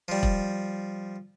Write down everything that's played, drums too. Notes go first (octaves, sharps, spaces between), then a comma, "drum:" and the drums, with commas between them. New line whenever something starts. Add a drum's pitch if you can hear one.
F3 G3
drum: kick E1